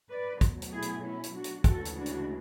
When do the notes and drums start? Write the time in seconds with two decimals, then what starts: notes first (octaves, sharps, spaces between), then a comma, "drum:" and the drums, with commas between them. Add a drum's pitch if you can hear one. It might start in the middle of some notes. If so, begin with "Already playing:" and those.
0.10 B4 D5
0.41 B2 F#3 A3, drum: kick, hi-hat
0.62 drum: hi-hat
0.71 E4 G#4
0.82 drum: hi-hat
1.03 C#4 E4
1.24 drum: hi-hat
1.34 D4 F#4
1.44 drum: hi-hat
1.64 D2 C#3 E3 G#3 F#4 A4, drum: kick, hi-hat
1.85 drum: hi-hat
1.96 D4 F#4
2.06 drum: hi-hat